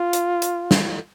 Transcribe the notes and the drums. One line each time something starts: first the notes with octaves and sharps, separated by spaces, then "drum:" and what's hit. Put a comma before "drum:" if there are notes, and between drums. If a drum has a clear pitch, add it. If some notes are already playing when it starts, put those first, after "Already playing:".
Already playing: F4
drum: hi-hat
drum: hi-hat
drum: snare